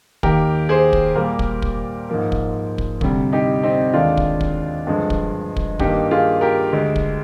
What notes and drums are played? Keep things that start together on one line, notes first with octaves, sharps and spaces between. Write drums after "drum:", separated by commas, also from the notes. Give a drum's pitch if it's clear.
D#2 D#3 A#3 G4 A#4, drum: kick
G#4 C5
drum: kick
A#2 G3 A#3 G4 A#4
drum: kick
drum: kick
G#2 F3 A#3
drum: kick
drum: kick
D2 C3 G3, drum: kick
D#4 G4
C4 D#4
D#2 D3 G#3 D4 F4
drum: kick
drum: kick
G2 D3 F3 G#3
drum: kick
drum: kick
G2 D#3 A#3 D#4 G4, drum: kick
F4 G#4
G4 A#4
D2 D3 G#3
drum: kick